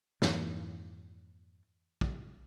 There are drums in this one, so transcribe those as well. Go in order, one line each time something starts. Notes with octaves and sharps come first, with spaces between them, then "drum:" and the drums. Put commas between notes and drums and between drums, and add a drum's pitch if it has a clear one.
F2 G#2 E3 A#3, drum: snare
drum: kick